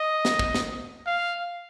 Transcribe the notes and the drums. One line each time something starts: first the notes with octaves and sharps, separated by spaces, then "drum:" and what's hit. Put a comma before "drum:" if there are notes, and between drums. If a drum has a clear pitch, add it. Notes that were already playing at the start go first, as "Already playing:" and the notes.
Already playing: D#5
drum: snare
drum: kick
drum: snare
F5